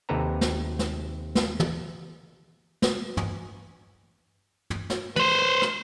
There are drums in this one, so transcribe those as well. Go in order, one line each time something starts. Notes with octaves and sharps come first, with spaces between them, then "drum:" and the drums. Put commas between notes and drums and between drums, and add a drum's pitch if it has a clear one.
D#2 C3 A4 B4 A#5
drum: snare
drum: snare
drum: snare
drum: tom
drum: snare
drum: tom
drum: tom
drum: snare
B4 C5, drum: tom
drum: rim click